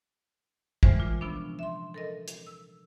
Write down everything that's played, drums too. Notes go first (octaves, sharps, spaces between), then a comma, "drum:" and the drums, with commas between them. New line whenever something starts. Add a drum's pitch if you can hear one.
E3 G3 G#3 C5 G#5 F6, drum: kick
A#2 F4
C3 F3 B3 C#4 D4
E5 C6
A4 A#4 D#5
drum: hi-hat
E6